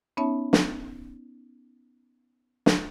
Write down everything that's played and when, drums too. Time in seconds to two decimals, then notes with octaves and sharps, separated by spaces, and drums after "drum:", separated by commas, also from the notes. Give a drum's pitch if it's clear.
0.17 B3 C#4 D#4 C#5 E5 A5
0.53 drum: snare
2.66 drum: snare